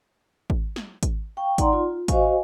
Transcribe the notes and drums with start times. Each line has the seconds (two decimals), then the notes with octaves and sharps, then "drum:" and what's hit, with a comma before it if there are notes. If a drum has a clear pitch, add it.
0.50 drum: kick G#1
0.76 drum: snare
1.03 drum: kick G#1, hi-hat
1.37 F5 G5 C#6
1.58 D#4 D5 F#5 A#5 C6, drum: kick G#1, hi-hat
1.73 F4
2.08 F#4 C5 D#5 F5 G#5 C#6, drum: kick G#1, hi-hat